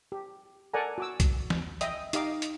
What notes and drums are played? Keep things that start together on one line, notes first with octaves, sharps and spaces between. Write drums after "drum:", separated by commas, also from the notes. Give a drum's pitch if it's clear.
G4
A4 A#4 D5 F#5 G#5 A#5
F#4 D6 E6
drum: kick B1, hi-hat
drum: snare
D#5 E5 G5 D#6, drum: hi-hat
D#4 G4 D#5 F5 D6, drum: hi-hat
drum: hi-hat